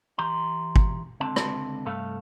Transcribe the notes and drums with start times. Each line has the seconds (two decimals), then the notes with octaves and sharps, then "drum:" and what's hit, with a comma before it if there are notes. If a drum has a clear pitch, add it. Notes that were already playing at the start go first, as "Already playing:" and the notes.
0.18 E3 G4 A#5 C6
0.76 drum: kick G#1
1.20 C#2 D3 C4 A5
1.36 drum: rim click
1.85 C2 G2 A3 A4 F5